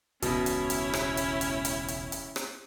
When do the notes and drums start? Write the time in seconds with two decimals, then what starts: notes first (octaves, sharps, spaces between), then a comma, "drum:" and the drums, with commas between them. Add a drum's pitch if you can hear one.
0.22 E1 C#2 B2 C#4 E4, drum: hi-hat
0.46 drum: hi-hat
0.70 drum: hi-hat
0.94 drum: rim click
1.17 drum: hi-hat
1.41 drum: hi-hat
1.65 drum: hi-hat
1.88 drum: hi-hat
2.12 drum: hi-hat
2.36 drum: rim click